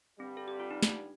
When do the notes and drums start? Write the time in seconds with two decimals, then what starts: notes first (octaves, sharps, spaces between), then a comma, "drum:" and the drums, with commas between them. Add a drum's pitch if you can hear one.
0.19 G2 D3 G3 C4
0.37 A4
0.48 G4
0.60 F4
0.71 D#4
0.83 D4, drum: snare